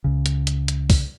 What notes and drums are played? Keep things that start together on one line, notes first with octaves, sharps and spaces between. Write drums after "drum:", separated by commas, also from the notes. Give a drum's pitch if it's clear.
C#2 C#3
drum: hi-hat
drum: hi-hat
drum: hi-hat
drum: kick C2, open hi-hat